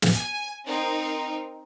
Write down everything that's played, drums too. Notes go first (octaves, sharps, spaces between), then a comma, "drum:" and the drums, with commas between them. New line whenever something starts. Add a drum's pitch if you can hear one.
drum: snare
G#5
C4 D#4 A#4